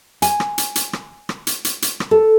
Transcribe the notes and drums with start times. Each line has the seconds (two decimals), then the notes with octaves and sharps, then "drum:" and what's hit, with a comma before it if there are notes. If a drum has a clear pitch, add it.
0.22 G#5, drum: hi-hat
0.40 drum: rim click
0.58 drum: hi-hat
0.76 drum: hi-hat
0.93 drum: rim click
1.29 drum: rim click
1.47 drum: hi-hat
1.65 drum: hi-hat
1.82 drum: hi-hat
2.00 drum: rim click
2.11 A4